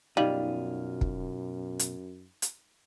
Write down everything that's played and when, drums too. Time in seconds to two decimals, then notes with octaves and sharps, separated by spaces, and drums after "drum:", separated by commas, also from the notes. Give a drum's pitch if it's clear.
0.17 F#2 B2 G3 D#4 F4 D#5 F5
1.01 drum: kick
1.79 drum: hi-hat
2.42 drum: hi-hat